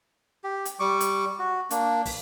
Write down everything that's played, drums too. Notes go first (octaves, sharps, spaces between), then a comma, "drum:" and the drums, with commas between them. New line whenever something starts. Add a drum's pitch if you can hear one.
G4
drum: hi-hat
G3 C#6 D6
drum: hi-hat
F#4
A#3 D4, drum: hi-hat
drum: kick, open hi-hat